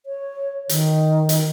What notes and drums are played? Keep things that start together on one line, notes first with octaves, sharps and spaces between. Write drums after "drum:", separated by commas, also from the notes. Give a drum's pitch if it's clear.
C#5
D#3, drum: hi-hat
drum: hi-hat